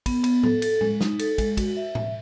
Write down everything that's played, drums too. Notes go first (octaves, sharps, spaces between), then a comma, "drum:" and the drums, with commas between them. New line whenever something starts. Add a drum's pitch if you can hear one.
B3, drum: kick, cymbal
B3, drum: cymbal
A4, drum: tom A2
A4, drum: cymbal
G#3, drum: tom A2
D#4, drum: snare
A4, drum: cymbal
G#3, drum: kick, cymbal
F#4, drum: kick, cymbal
E5
E5, drum: tom A2